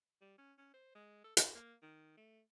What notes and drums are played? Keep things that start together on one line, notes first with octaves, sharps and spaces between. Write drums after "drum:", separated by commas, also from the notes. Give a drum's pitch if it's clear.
G3
C#4
C#4
C5
G#3
A4
F#4, drum: hi-hat
A#3
D#3
A3